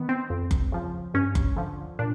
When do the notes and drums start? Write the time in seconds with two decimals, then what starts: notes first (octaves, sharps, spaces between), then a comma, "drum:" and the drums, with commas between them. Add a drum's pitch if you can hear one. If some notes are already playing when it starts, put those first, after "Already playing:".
Already playing: D#3 B3
0.09 C4
0.30 F2
0.51 drum: kick F#1
0.72 C#3 F3
1.14 G2 C#4
1.35 drum: kick F#1
1.56 D3 F3
1.99 A#2 D4